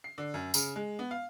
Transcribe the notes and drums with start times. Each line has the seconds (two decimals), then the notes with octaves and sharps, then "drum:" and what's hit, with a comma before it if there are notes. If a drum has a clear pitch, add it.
0.04 C7
0.18 D3
0.34 F#2
0.54 C#3, drum: tambourine
0.76 G#3
0.99 B3
1.11 F5